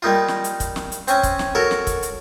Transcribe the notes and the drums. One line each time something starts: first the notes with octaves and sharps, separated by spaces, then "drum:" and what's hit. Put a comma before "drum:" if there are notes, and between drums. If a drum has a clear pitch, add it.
G3 A#3 D#4 F4
drum: snare
drum: hi-hat
drum: kick, hi-hat
drum: snare
drum: hi-hat
C4 C#4 G#5, drum: hi-hat
drum: kick, hi-hat
drum: snare
F#4 A4 A#4 C#5
drum: snare
drum: kick, hi-hat
drum: hi-hat